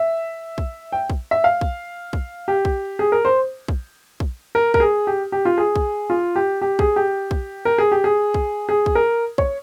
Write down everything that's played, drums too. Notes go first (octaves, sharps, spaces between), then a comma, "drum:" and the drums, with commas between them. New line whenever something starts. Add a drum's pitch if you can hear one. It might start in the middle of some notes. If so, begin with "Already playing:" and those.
Already playing: E5
drum: kick
G5
drum: kick
E5
F5
drum: kick
drum: kick
G4
drum: kick
G#4
A#4
C5
drum: kick
drum: kick
A#4
A#4, drum: kick
G#4
G4
G4
F4
G#4
drum: kick
F4
G4
G4
G#4, drum: kick
G4
drum: kick
A#4
G#4
G4
G#4
drum: kick
G#4
drum: kick
A#4
C#5, drum: kick